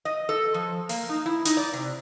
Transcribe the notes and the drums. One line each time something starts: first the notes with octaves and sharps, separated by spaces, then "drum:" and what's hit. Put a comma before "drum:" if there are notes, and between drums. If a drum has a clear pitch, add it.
D#5
A4
F3
A#3, drum: open hi-hat
D#4
E4
D#4, drum: hi-hat
D5
C3